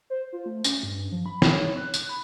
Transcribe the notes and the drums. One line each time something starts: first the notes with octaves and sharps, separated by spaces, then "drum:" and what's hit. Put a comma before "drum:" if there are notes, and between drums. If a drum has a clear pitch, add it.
C5
F4
A3
C#4, drum: tambourine
G2
F3
B5
drum: snare
C#5
F#6
drum: tambourine
B5